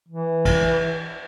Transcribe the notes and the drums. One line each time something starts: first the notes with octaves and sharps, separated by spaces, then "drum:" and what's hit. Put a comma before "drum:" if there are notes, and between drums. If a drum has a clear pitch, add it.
E3
drum: kick, cymbal